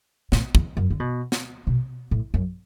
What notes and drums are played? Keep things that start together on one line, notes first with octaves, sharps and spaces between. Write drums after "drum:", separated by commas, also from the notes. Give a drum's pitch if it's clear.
A2, drum: snare
E2, drum: kick
F#2
D3
B2
drum: snare
B2
A2
F#2